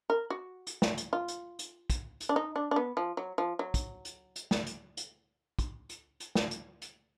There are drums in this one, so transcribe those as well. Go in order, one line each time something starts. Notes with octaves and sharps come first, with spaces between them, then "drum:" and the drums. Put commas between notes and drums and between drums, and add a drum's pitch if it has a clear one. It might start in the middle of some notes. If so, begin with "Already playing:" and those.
A#4
F#4
drum: hi-hat
drum: snare
drum: hi-hat
F4
drum: hi-hat
drum: hi-hat
drum: kick, hi-hat
drum: hi-hat
D4
D#4
D4
D4
B3
F3
F#3
F3
F#3
drum: kick, hi-hat
drum: hi-hat
drum: hi-hat
drum: snare
drum: hi-hat
drum: hi-hat
drum: kick, hi-hat
drum: hi-hat
drum: hi-hat
drum: snare
drum: hi-hat
drum: hi-hat